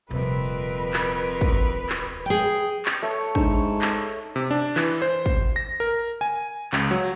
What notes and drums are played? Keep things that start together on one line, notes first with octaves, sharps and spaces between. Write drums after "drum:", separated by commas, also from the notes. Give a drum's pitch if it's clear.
D#1 F2 C3 C4 A#4 B4
drum: tambourine
drum: clap
drum: kick, tambourine
drum: clap
G#4 G5
drum: tambourine
drum: clap
A3 C#5
G#2 D4 E6, drum: kick
drum: clap
C3
D4
E3, drum: clap
C5
drum: kick
A#6
A#4
G#5, drum: tambourine
C#2, drum: clap
F#3